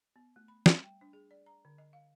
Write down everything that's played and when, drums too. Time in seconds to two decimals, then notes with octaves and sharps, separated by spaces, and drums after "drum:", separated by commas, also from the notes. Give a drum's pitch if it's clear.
0.16 B3
0.36 A3
0.48 B5
0.66 G3, drum: snare
0.83 G5
1.01 D4
1.13 G#4
1.31 D5
1.46 A#5
1.65 D3
1.78 D#5
1.93 F5